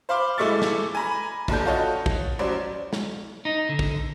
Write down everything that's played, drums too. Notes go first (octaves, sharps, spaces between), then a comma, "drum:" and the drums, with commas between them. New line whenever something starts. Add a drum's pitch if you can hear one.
C5 F5 B5 C6 D6 F6
E3 G#3 A3 E5 C#6 A6
drum: snare
G#5 A#5 B5
F1 D#2 D4 A4 G6, drum: kick
F4 F#4 A4 C#5 D#5
drum: kick
A1 F#3 C#4 C5 D5
drum: snare
D#4
D3
drum: kick